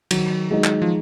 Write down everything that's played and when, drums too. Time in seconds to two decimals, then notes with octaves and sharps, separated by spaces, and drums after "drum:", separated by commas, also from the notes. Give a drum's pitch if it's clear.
0.11 D#3 F#3, drum: cymbal
0.51 F#3 G#3 D#4
0.64 drum: clap
0.82 F3